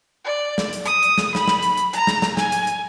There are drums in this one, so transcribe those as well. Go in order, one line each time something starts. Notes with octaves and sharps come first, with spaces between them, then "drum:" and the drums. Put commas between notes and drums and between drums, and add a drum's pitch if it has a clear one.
D5
drum: snare
drum: hi-hat
D#6, drum: hi-hat
drum: hi-hat
drum: snare
B5, drum: snare
drum: snare
drum: hi-hat
drum: hi-hat
A#5, drum: hi-hat
drum: snare
drum: snare
G#5, drum: snare
drum: hi-hat
drum: hi-hat